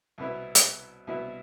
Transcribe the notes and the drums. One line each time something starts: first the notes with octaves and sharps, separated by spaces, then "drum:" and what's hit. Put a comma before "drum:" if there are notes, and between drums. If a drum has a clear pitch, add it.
C2 B2 B3 E4
drum: hi-hat
C2 B2 B3 E4